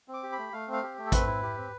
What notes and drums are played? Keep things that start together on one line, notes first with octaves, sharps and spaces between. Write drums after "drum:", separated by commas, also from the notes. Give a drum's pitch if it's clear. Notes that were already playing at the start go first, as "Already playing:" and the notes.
C4
D6
G4
B5
A3
A3 F5
C4
F5
G4
A3
A4
C4 B4, drum: kick A1, hi-hat
E4
G4
C4